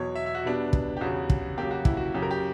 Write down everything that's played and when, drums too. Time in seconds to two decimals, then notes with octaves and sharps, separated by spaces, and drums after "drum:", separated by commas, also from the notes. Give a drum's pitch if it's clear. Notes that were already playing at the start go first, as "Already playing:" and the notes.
Already playing: E2 B2 F#3 C#5
0.15 E5
0.26 E5
0.35 F#4
0.44 B2 G3 B3 D4
0.73 drum: kick
0.97 G4
1.01 E2 C#3 G3 F#4
1.30 drum: kick
1.57 C#3 F#3 A#3 G4
1.71 F#4
1.85 E4, drum: kick
1.97 F#4
2.14 F#2 C#3 F#3 G4
2.22 A#4
2.31 G4